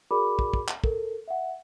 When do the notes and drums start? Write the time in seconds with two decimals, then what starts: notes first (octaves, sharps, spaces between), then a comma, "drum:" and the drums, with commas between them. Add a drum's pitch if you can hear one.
0.11 F#4 G#4 A#4 D5 B5 D6
0.39 drum: kick
0.54 drum: kick
0.68 drum: clap
0.84 A4 A#4, drum: kick
1.28 E5 F#5